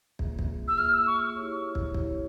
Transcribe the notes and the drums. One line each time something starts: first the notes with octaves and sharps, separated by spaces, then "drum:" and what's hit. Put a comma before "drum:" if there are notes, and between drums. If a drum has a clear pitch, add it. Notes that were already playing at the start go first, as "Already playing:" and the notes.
A#3 F4 G#4 E5, drum: kick
drum: kick
E6
A#3 F4 G#4 E5 F6
E6
C#6
E4 G4 C#5
drum: kick
E4 G4 C#5, drum: kick